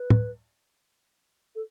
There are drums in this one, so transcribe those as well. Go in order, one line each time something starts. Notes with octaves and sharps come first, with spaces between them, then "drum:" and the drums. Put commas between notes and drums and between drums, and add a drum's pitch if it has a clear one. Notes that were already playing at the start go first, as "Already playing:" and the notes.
Already playing: B4
drum: tom
A4